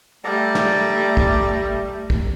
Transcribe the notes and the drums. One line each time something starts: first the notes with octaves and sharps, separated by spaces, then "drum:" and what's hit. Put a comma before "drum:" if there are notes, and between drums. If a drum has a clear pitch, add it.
G3 A3 A4 D5 A#5
drum: snare
drum: kick
drum: kick